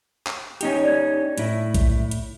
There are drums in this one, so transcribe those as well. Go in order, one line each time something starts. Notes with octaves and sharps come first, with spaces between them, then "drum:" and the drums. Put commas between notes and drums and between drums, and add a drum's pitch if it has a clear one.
drum: clap
C#4 D#4 G4, drum: hi-hat
D5 G#6
A2 E4, drum: hi-hat
drum: kick A#1, hi-hat
drum: hi-hat